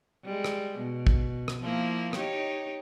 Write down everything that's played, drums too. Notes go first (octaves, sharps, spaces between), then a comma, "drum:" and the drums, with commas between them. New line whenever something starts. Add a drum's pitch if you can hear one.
G3 G#3
drum: rim click
B2
drum: kick
drum: rim click
F3 A#3 E4
D#4 G4 C#5, drum: rim click